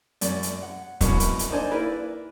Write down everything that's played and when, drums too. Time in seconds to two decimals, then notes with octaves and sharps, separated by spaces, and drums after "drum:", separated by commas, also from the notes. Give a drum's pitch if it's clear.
0.21 F#2 D5, drum: hi-hat
0.43 drum: hi-hat
0.63 F#5
1.01 C2 F#2 B2, drum: kick, hi-hat
1.20 drum: hi-hat
1.39 drum: hi-hat
1.50 A#3 D4 D#4 C5 D5 G#5
1.71 A#3 E4 A#4 B4 D5